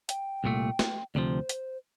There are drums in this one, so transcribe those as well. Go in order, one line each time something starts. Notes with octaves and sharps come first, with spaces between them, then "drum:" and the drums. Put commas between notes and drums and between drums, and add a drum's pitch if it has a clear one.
G5, drum: hi-hat
C2 A#2 A3
drum: snare
D2 C3 F3 C5 D5
drum: hi-hat